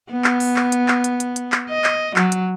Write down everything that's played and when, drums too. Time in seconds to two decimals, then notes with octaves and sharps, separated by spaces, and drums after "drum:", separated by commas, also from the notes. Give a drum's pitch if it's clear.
0.12 B3
0.24 drum: clap
0.40 drum: open hi-hat
0.56 drum: clap
0.72 drum: hi-hat
0.88 drum: clap
1.04 drum: hi-hat
1.20 drum: hi-hat
1.36 drum: hi-hat
1.52 drum: clap
1.70 D#5
1.84 drum: clap
2.16 F#3, drum: clap
2.32 drum: hi-hat